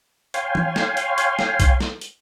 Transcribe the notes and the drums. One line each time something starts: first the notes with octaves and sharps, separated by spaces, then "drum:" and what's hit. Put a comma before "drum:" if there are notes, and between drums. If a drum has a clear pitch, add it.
C#5 F5 G5 G#5 C6, drum: hi-hat
drum: tom E3
drum: snare
drum: hi-hat
drum: hi-hat
drum: snare
drum: kick B1, hi-hat
drum: snare
drum: hi-hat